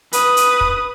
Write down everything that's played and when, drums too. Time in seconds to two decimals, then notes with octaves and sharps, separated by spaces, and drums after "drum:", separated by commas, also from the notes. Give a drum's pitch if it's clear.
0.13 B4 D#6, drum: hi-hat
0.37 drum: hi-hat
0.61 drum: kick